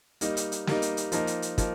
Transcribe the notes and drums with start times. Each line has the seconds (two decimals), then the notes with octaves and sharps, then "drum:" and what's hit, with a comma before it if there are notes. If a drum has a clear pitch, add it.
0.21 G3 A#3 D#4, drum: hi-hat
0.37 drum: hi-hat
0.52 drum: hi-hat
0.67 G3 A#3 D#4, drum: snare
0.82 drum: hi-hat
0.97 drum: hi-hat
1.12 F3 A#3 D#4, drum: hi-hat
1.27 drum: hi-hat
1.42 drum: hi-hat
1.58 F3 A#3 D#4, drum: kick, hi-hat